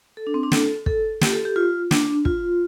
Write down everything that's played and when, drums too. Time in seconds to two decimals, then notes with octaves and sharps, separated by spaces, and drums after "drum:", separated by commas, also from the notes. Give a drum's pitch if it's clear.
0.17 A4
0.27 D4
0.34 C4
0.43 D4
0.52 A4, drum: snare
0.86 A4, drum: kick
1.21 G4, drum: snare
1.33 A4
1.45 G4
1.56 F4
1.91 D4, drum: snare
2.25 F4, drum: kick